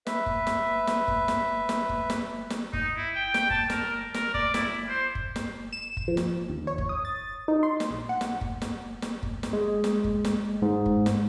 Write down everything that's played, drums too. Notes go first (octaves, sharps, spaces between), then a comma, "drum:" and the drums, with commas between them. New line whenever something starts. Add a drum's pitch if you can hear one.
B4 E5, drum: snare
drum: kick
drum: snare
drum: snare
drum: kick
drum: snare
drum: snare
drum: kick
drum: snare
drum: snare
D#4, drum: kick
E4
G5
G5, drum: snare
A5, drum: kick
A#4, drum: snare
A#4, drum: snare
D5, drum: kick
E4, drum: snare
C5
drum: kick
drum: snare
E7
drum: kick
F3
drum: snare
D#2
C#5
drum: kick
D#6
A6
D#4
C6
drum: snare
A#1
F#5
drum: snare
drum: kick
drum: snare
drum: snare
drum: kick
drum: snare
G#3
drum: snare
drum: kick
drum: snare
G#2
drum: kick
drum: snare